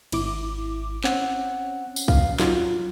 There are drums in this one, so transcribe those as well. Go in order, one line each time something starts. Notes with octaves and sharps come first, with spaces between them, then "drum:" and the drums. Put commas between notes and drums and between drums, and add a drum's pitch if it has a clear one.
G#1 E4 D6, drum: cymbal
C4 C#4 F#5, drum: clap
drum: tambourine
F5, drum: kick
F#3 F4, drum: snare